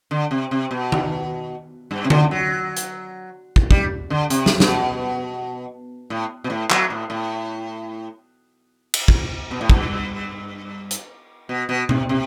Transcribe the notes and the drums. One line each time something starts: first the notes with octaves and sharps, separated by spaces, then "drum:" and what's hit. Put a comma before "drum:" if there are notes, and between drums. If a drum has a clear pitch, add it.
D3
C3
C3
B2
drum: tom D#3
G2
C3
D3, drum: tom D3
F#3
drum: hi-hat
drum: kick
G3, drum: kick
D3
C3, drum: hi-hat
drum: snare
B2, drum: snare
A2
B2
A2
F#3, drum: clap
A2
A2
drum: cymbal
drum: kick
B2
A2
G2, drum: kick
drum: hi-hat
B2
B2
C3, drum: tom B2
C3